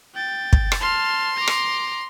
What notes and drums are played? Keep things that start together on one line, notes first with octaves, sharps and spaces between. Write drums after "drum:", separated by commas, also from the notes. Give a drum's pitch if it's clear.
G5 A6
drum: kick
drum: rim click
A5 C6 F6
A#5 D6
drum: rim click